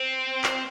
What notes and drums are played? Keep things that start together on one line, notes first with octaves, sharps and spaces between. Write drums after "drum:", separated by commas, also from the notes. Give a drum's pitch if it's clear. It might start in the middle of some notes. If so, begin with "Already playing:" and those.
Already playing: C4
drum: clap